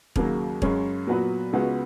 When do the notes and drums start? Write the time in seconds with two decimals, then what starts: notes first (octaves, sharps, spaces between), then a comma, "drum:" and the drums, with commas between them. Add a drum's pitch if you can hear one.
0.16 D#2 C#3 F#3 A#3, drum: kick
0.62 F#2 C#3 G#3 C#4, drum: kick
1.07 A#2 F#3 B3 F#4 B4
1.53 C#2 C#3 G#3 B3 F#4